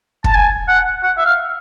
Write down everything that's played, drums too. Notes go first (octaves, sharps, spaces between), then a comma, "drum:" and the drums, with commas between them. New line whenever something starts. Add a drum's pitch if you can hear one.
A5, drum: kick
G#5
F#5
F#5
E5
F5